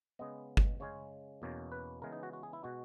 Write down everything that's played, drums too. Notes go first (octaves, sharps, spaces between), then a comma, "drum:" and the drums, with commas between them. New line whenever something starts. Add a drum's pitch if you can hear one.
C#3 G#3 B3 D#5
drum: kick G1
C#3 G#3 C#4 C#5
E2 B2 A#3 C#4
B4
C#3 E3 G#3 B3 A#4
D#4
F#4
F#4
G#4
E4
B2 G#3 F#4